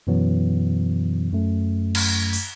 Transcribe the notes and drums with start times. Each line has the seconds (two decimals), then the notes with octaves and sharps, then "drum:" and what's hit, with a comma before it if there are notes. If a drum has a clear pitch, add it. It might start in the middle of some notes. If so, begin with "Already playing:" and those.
0.07 F#2 B2 E3 F#3 B3
1.32 F#2 A3
1.95 drum: cymbal
2.33 drum: open hi-hat